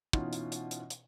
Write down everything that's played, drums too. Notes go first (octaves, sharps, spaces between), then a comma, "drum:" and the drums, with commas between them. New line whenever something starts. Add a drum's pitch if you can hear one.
B2 E3 C#4 D#4 F4, drum: kick
drum: hi-hat
drum: hi-hat
drum: hi-hat
drum: hi-hat